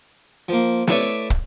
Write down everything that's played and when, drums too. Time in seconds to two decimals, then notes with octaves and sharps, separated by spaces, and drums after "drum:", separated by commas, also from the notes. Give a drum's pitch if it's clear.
0.48 F3 A#3
0.87 A3 E4 B4 C#5 D5 E5, drum: snare
1.30 drum: kick